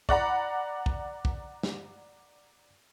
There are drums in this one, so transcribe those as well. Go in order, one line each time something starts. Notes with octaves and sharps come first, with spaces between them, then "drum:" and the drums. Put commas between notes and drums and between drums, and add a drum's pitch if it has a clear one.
D5 F#5 A#5 B5, drum: kick
drum: kick
drum: kick
drum: snare